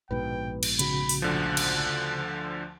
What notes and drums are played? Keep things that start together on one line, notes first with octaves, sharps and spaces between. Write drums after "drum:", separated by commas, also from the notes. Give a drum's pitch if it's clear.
A#1 G#2 B2 B4 G5
drum: cymbal
C#3 F#4 B5, drum: hi-hat
drum: open hi-hat
D2 D3 F3 F#6
drum: cymbal